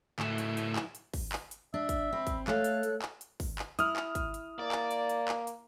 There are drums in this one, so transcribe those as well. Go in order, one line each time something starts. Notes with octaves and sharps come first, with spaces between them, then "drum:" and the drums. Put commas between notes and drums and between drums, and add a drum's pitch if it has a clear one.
A2 F#3 E4, drum: clap
drum: hi-hat
drum: hi-hat
drum: clap
drum: hi-hat
drum: kick, open hi-hat
drum: clap
drum: hi-hat
D4 E5
drum: kick, hi-hat
C4 B5
drum: kick, hi-hat
A3 A4 C#5 F5 F#6, drum: clap
drum: hi-hat
drum: hi-hat
drum: clap
drum: hi-hat
drum: kick, open hi-hat
drum: clap
E4 D#6 F6, drum: hi-hat
drum: clap
drum: kick, hi-hat
drum: hi-hat
A#3 D5
drum: clap
drum: hi-hat
drum: hi-hat
drum: clap
drum: hi-hat